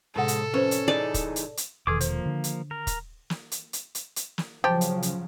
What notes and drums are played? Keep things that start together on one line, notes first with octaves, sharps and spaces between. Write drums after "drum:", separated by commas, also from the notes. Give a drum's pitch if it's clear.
F2 A2 C3 G#3 A4 F#5
drum: hi-hat
F2 C#4 B4 C5
drum: hi-hat
E3 D#4 G#4 D5
drum: kick, hi-hat
drum: hi-hat
drum: hi-hat
E1 C3 D#3 G#4 A4 D6
F3 A#3 C5, drum: hi-hat
D3
drum: hi-hat
A#4
drum: kick, hi-hat
drum: snare
drum: hi-hat
drum: hi-hat
drum: hi-hat
drum: hi-hat
drum: snare
C#3 F3 F#3 G4 C5 A5
drum: hi-hat
drum: hi-hat